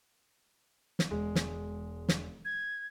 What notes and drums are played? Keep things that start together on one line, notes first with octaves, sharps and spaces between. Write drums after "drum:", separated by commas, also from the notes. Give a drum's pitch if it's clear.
drum: snare
E1 G#3
drum: snare
drum: snare
G#6